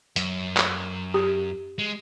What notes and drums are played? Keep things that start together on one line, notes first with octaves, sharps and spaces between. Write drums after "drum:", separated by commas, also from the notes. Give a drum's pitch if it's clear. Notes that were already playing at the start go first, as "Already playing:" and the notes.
F#2, drum: hi-hat
drum: clap
G4
G#3